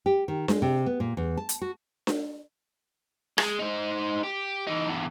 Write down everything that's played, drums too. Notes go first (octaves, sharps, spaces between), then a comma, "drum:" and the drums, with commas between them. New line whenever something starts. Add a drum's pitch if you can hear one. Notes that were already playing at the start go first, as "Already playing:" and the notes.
G4
D#3
G#3, drum: snare D4
C3
B3
A#2
E2
A5
drum: hi-hat
F#4
drum: snare D4
G#3, drum: rim click
D#4 C5
G4
E3 D#4
E2 G2